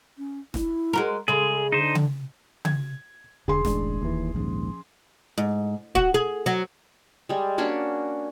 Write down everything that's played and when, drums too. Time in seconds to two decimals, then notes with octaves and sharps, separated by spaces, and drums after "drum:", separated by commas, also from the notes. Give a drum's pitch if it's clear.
0.18 C#4
0.54 E4, drum: snare E1
0.93 G#3 F#4 A#4
1.28 C#3 G#3 G#4 A4
1.72 D3 D#4 C5
1.95 drum: tom C#3
2.65 G#6, drum: tom C#3
3.48 E1 D3 G#4 C6
3.65 A1 G#3 D4, drum: snare E1
4.02 D#2 E3
4.34 A#1 D#2 G#2 F3 C#4
5.38 G#2
5.95 F#4, drum: kick C#1
6.14 G#4
6.46 F#3
7.29 G3 G#3
7.58 A#3 C#4 D4 F#4